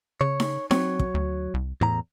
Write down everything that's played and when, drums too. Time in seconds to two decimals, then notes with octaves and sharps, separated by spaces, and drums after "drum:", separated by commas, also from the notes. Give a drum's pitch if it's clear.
0.21 C#3 C#5
0.40 drum: snare D#4
0.71 F#3 C4 C#5, drum: snare D#4
0.99 drum: kick
1.14 D2
1.54 C2
1.81 E2 A2 A#5